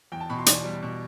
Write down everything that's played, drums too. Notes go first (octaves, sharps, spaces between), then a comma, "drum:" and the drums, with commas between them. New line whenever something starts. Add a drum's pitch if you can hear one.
E2 G5
A5
B2 B5
C6
E2 D5, drum: hi-hat
G3
B2